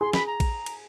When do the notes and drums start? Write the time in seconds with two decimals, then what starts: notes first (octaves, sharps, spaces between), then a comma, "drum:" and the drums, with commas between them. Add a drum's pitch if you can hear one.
0.01 G#4 C6
0.13 B5, drum: snare
0.27 A#5
0.40 drum: kick A#1, cymbal
0.66 drum: cymbal